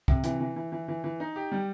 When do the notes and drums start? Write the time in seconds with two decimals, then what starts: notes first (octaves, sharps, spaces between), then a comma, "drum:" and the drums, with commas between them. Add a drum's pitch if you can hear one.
0.08 C3, drum: kick C2
0.24 E3, drum: hi-hat
0.40 E3
0.56 E3
0.72 E3
0.88 E3
1.04 E3
1.20 D#4
1.36 G4
1.52 G3